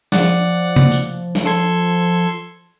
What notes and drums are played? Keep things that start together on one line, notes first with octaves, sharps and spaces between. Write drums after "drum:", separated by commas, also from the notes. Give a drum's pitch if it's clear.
F3 D5 F#5, drum: snare
drum: tom C3
drum: tambourine
drum: snare
A4 C6 G#6